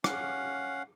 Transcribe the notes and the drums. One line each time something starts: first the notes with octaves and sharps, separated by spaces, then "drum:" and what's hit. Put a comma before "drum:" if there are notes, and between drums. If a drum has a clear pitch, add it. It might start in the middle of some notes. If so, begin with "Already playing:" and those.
C#4 F5 F#5, drum: rim click